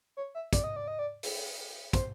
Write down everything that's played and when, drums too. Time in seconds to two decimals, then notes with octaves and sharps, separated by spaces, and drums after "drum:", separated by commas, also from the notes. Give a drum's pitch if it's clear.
0.17 C#5
0.35 E5
0.53 D5, drum: kick, hi-hat
0.64 D#5
0.76 D5
0.88 D#5
0.99 D5
1.23 drum: open hi-hat
1.93 C5, drum: kick, hi-hat